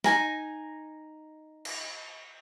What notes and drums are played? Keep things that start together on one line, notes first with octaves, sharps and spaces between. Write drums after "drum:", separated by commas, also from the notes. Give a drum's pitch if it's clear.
D#4 F#4 G#5 A#5, drum: snare
drum: cymbal